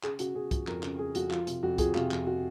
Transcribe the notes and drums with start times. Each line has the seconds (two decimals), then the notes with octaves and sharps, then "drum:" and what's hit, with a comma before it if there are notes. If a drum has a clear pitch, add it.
0.03 C#3 G#4, drum: clap
0.19 C#3 F#4, drum: hi-hat
0.35 C#3 G#4
0.51 F3, drum: kick, hi-hat
0.67 F2 A#4, drum: clap
0.83 C#3, drum: clap
0.99 C#3 G#4
1.15 F2 F#4, drum: hi-hat
1.30 F3 F4, drum: clap
1.47 C3, drum: hi-hat
1.63 F2 F#4
1.78 F3 G#4, drum: kick, hi-hat
1.95 C3 F4, drum: clap
2.11 F2, drum: clap
2.27 F#4